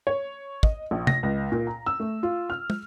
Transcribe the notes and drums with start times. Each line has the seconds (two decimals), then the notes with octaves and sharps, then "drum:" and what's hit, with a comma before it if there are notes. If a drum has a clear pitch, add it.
0.07 C#5
0.63 D#5, drum: kick
0.91 A#1
1.07 A#6, drum: tom C3
1.23 C#2
1.52 A#2
1.67 A#5
1.86 E6
2.00 A3
2.23 F4
2.50 F6
2.70 drum: tom